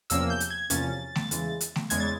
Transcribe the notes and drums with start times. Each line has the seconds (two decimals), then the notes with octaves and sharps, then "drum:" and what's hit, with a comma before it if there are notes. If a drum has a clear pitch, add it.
0.10 E2 C3 F3 A#3 C#4 E6, drum: hi-hat
0.30 G6
0.40 drum: hi-hat
0.50 G#6
0.70 E2 C3 F3 A#3 C#4 A6, drum: hi-hat
1.15 drum: snare A3
1.31 E2 C#3 E3 G#3, drum: hi-hat
1.61 drum: hi-hat
1.76 drum: snare A3
1.90 E2 C#3 E3 G#3 G#6, drum: hi-hat
2.00 A6